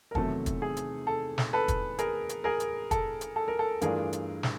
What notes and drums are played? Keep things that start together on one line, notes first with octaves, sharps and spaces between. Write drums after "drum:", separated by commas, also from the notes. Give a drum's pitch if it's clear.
A#4
E2 C3 D#3 F#3 A3 A4, drum: kick
drum: kick, hi-hat
G#4
drum: hi-hat
A4
drum: snare
A4 B4
drum: kick, hi-hat
G#4 A#4, drum: hi-hat
drum: hi-hat
G#4 A#4
drum: hi-hat
A4, drum: kick, hi-hat
drum: hi-hat
A4
A#4
A4
G2 E3 A3 D4 F4 G#4 A#4, drum: hi-hat
drum: hi-hat
drum: snare